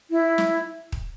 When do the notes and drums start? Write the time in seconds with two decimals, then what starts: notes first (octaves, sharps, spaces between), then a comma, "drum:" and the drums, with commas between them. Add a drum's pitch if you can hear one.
0.11 E4
0.38 drum: snare
0.92 drum: kick D#1